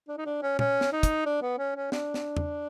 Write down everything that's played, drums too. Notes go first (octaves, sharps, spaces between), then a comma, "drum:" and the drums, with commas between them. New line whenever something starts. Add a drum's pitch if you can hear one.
D4
D#4
D4
C#4
C#4, drum: tom
drum: snare
D#4
drum: kick, hi-hat
D4
B3
C#4
C#4
D4, drum: snare
drum: snare
drum: tom E2